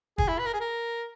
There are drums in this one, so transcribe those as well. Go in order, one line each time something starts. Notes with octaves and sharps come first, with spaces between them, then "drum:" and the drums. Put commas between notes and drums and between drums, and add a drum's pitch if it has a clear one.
G#4, drum: kick
E4
B4
A#4
G#4
A#4